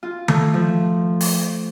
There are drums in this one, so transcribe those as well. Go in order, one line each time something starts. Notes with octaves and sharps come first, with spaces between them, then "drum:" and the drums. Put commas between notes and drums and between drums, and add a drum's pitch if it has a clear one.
F4
A3, drum: tom D#3
F3
drum: open hi-hat